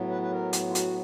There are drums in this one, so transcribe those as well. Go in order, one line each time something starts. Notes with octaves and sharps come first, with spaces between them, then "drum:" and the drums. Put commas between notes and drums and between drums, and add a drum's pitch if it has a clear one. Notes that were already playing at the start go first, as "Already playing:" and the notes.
Already playing: A2 F#3 B3
B4
B4
A#4
drum: hi-hat
F4
F#4, drum: hi-hat